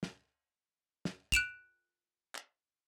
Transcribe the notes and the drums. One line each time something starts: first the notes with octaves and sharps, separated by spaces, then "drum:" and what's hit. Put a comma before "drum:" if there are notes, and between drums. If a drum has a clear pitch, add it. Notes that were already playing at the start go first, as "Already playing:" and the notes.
drum: snare
drum: snare
F#6 D7 E7 F7, drum: kick
drum: clap